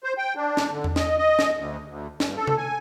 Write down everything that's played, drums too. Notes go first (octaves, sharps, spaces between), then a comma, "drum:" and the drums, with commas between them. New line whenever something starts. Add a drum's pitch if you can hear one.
C5
G5
D4
drum: snare
D3
drum: tom E2
D#5, drum: snare
D#5
drum: snare
D2
D2
G2, drum: snare
A4
drum: tom C3
G#5